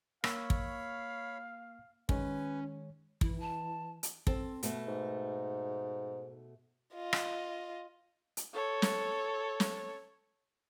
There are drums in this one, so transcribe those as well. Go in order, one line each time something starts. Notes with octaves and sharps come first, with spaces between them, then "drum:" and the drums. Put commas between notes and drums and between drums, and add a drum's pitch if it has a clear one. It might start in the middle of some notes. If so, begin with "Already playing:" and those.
A#3 C#5 F5 B5 C#6 E6, drum: rim click
drum: kick
D#3 G#3 C#4 B4 C#5 G#5, drum: kick
E3 E4, drum: kick
A5
drum: hi-hat
C4 A4, drum: kick
B2 A3 B4, drum: hi-hat
G#2
F4 D#5
drum: rim click
drum: hi-hat
A4 C#5
drum: snare
drum: snare